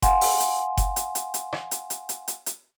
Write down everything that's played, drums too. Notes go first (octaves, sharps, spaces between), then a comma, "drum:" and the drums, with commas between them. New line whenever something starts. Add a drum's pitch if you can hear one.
F5 F#5 G#5 C6, drum: kick F#1, hi-hat
drum: open hi-hat
drum: hi-hat
drum: kick F#1, hi-hat
drum: hi-hat
drum: hi-hat
drum: hi-hat
drum: rim click
drum: hi-hat
drum: hi-hat
drum: hi-hat
drum: hi-hat
drum: hi-hat